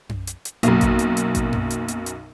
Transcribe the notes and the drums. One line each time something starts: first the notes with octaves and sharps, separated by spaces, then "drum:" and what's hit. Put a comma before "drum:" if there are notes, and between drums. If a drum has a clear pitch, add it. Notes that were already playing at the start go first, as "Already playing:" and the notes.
drum: tom F#2
drum: hi-hat
drum: hi-hat
B1 F#2 A#3, drum: hi-hat
drum: kick A1, hi-hat
drum: hi-hat
drum: hi-hat
drum: kick A1, hi-hat
drum: tom F#2
drum: hi-hat
drum: hi-hat
drum: hi-hat